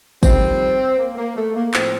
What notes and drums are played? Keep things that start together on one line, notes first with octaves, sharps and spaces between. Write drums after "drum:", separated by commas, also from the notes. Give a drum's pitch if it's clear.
F2 D#3 G3 C4, drum: kick, tambourine
A#3
A#3
A3
A#3
A2 F3 C4, drum: clap